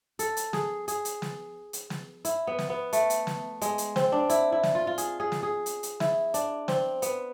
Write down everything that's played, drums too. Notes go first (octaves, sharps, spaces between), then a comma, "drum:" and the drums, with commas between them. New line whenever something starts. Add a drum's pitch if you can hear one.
A4, drum: hi-hat
drum: hi-hat
G#4, drum: snare
G#4, drum: hi-hat
drum: hi-hat
drum: snare
drum: hi-hat
drum: snare
E4, drum: hi-hat
B3
drum: snare
B3
A3, drum: hi-hat
drum: hi-hat
drum: snare
G#3, drum: hi-hat
drum: hi-hat
C4, drum: snare
D4
E4, drum: hi-hat
E4
drum: snare
F4
F4
G#4, drum: hi-hat
G#4
drum: snare
G#4
drum: hi-hat
drum: hi-hat
E4, drum: snare
D4, drum: hi-hat
C4, drum: snare
B3, drum: hi-hat